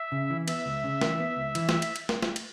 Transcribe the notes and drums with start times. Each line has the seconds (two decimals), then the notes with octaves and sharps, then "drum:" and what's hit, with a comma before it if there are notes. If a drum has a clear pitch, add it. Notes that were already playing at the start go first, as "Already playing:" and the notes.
Already playing: E5
0.12 C#3
0.30 E3
0.48 B3 E5, drum: cymbal
0.66 C#2
0.84 C#3
1.01 E3, drum: snare
1.20 B3
1.37 C#2
1.55 E3, drum: cymbal
1.69 drum: snare
1.82 drum: cymbal
1.96 drum: cymbal
2.09 drum: snare
2.23 drum: snare
2.36 drum: cymbal